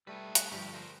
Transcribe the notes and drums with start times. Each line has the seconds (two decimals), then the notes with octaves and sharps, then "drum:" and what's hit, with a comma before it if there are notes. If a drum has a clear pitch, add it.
0.07 G3 A3 D#4 B4
0.35 F#6, drum: hi-hat
0.52 G2 D3 F3 G4
0.73 A#4 C5